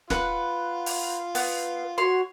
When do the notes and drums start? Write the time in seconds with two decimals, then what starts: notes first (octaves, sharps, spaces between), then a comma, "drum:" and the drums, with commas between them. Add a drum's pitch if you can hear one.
0.10 F4 B4 F#5, drum: snare
0.86 drum: open hi-hat
1.35 B3, drum: open hi-hat
1.98 F#4 C#5 C6